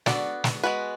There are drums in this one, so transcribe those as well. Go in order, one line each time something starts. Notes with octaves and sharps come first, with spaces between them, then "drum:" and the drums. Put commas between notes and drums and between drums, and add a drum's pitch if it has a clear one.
B3 D4 F#4 A4 D5, drum: snare
drum: snare
G#3 B3 F#4 B4